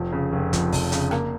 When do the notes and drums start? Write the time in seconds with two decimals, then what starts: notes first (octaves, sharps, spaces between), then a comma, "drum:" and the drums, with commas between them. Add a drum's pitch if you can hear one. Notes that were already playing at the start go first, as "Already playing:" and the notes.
Already playing: F1 F3
0.12 C#3
0.33 F1
0.53 F2, drum: kick, hi-hat
0.73 F1, drum: kick, open hi-hat
0.92 C#3, drum: hi-hat
1.11 A#3, drum: rim click